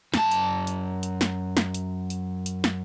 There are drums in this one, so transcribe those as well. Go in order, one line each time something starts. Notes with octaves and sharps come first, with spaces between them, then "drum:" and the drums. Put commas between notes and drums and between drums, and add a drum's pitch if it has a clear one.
F#2 A5, drum: snare
drum: hi-hat
drum: hi-hat
drum: hi-hat
drum: snare
drum: snare
drum: hi-hat
drum: hi-hat
drum: hi-hat
drum: snare